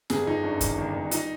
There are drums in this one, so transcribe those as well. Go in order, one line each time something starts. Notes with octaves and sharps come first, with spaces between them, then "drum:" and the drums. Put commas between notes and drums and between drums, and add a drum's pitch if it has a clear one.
G1 G#4, drum: snare
G1 D#4
F#2 D4
D#3, drum: kick, hi-hat
G1
G1
D#4, drum: hi-hat